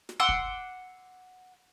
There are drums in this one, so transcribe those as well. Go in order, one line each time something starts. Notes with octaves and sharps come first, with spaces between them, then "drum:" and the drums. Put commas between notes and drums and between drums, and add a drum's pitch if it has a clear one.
drum: snare
F#5 C6 D6 E6
drum: kick